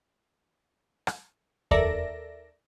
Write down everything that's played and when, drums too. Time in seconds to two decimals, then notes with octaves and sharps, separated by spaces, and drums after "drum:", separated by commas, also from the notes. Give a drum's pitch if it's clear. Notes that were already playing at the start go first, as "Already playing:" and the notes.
1.07 drum: rim click
1.71 D#2 A4 A#4 D5 E5 A#6, drum: kick F2